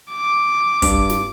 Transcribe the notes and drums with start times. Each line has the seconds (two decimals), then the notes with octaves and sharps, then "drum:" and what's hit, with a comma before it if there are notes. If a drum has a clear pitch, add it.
0.11 D6
0.82 G2, drum: kick, hi-hat
1.10 drum: snare